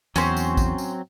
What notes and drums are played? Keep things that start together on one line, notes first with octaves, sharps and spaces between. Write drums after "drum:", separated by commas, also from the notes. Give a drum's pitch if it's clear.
E2 F#3 C4 C#4 C5, drum: tambourine
drum: tambourine
drum: kick, tambourine
drum: tambourine